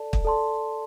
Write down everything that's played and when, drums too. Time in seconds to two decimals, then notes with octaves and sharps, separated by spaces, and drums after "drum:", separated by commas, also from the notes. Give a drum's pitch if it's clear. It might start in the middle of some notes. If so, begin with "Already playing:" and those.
Already playing: A4 D5 A5
0.13 drum: kick
0.25 A4 D5 A5 C6